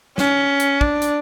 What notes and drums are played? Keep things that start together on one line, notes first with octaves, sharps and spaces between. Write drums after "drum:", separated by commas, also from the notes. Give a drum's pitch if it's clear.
C#4, drum: snare
drum: hi-hat
D4, drum: kick
drum: hi-hat